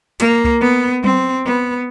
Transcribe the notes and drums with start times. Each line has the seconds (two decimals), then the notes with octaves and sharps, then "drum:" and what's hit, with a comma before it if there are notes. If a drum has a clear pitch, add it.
0.20 A#3, drum: hi-hat
0.44 drum: kick C2
0.62 B3
1.04 C4, drum: tom F#3
1.46 B3